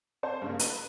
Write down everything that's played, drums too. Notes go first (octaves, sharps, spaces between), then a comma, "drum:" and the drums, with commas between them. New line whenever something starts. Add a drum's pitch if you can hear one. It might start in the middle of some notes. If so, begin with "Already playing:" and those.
C4 C5 A5
G2 C#3 A#3
B4, drum: hi-hat